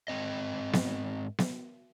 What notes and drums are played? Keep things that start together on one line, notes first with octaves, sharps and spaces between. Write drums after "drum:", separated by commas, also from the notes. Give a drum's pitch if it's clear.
G#2 E3 C4 D#5
drum: snare B3
drum: snare B3